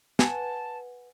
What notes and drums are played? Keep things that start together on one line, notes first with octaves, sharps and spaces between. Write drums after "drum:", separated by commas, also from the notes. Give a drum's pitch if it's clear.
B4 F#5 G#5 A5, drum: snare